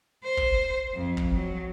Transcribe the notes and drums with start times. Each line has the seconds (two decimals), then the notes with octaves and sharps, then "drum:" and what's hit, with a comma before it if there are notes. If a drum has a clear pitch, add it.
0.24 C5
0.37 drum: kick
0.94 F2
1.17 drum: kick
1.35 F#3